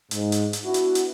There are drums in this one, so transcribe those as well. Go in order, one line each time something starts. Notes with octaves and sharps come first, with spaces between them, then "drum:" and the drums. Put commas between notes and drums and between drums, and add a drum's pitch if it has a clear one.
G#2, drum: hi-hat
drum: hi-hat
drum: hi-hat
B3 D4 E4 F#4
drum: hi-hat
drum: hi-hat